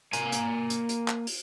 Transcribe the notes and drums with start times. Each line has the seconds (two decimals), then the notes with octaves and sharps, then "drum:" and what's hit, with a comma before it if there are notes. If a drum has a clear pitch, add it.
0.13 A#3 G#5, drum: hi-hat
0.32 drum: hi-hat
0.70 drum: hi-hat
0.89 drum: hi-hat
1.08 drum: clap
1.27 drum: open hi-hat